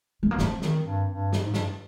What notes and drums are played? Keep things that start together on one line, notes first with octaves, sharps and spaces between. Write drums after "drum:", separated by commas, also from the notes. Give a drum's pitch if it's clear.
G#3
A#3
F3 C4, drum: snare
D#3, drum: snare
G2
G2
drum: snare
G#2
G2, drum: snare